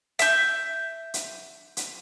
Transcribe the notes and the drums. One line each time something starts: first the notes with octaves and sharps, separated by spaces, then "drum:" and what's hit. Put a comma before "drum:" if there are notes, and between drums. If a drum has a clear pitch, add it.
E5 G6, drum: hi-hat
drum: hi-hat
drum: hi-hat